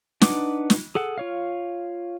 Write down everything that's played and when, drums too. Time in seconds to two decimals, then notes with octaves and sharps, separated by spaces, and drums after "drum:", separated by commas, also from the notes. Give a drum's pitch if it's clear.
0.21 D4 D#4 B4 F#5 D6, drum: snare
0.70 drum: snare
0.95 G#4 A4 F#5
1.18 F4 C#5 F5